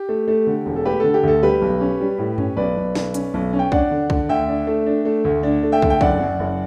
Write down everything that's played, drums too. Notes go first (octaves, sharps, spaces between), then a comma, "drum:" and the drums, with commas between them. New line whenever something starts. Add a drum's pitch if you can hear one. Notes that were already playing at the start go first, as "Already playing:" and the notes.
Already playing: G4
A3
A3
D3
E1
A4
A3 G4 B4
D3 A4
G4
D2 A4
G3 G4 B4
B1
C#4
G3
A2
C#4, drum: tom G2
B1 B4 D5
B1
B1, drum: snare
C#4, drum: hi-hat
B1
C#4
G5
D4 D5 F#5, drum: kick
D3
D3, drum: kick
D2 E5 G5
D4
A3
D4
A3
D2
D4
A3
E5 G5
D3, drum: kick
G5
F#1 D5 F#5, drum: kick
F#2
F#1